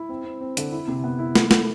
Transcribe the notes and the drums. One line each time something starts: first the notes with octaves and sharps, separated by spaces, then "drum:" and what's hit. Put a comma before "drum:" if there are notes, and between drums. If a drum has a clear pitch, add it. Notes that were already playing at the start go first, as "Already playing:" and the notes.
Already playing: E4
C4
C4
C4
D3, drum: hi-hat
E4
C3
B3
E4
A3, drum: snare
A3, drum: snare